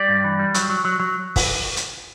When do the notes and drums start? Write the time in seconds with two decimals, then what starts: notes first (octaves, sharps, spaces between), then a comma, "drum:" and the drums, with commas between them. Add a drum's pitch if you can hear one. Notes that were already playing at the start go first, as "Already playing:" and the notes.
Already playing: G3 D5
0.09 G2
0.24 E3
0.39 G3
0.54 F#3, drum: hi-hat
0.70 F#3
0.85 F#3
1.00 F#3
1.36 drum: kick, open hi-hat
1.77 drum: hi-hat